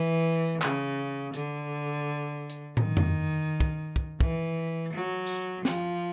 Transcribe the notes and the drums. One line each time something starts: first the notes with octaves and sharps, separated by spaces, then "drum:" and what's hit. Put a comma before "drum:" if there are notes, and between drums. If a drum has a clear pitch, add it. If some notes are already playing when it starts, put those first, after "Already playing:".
Already playing: E3
C#3, drum: clap
D3, drum: hi-hat
drum: hi-hat
D#3, drum: tom
drum: tom F2
drum: kick
drum: kick
E3, drum: kick
F#3
drum: tambourine
F3, drum: snare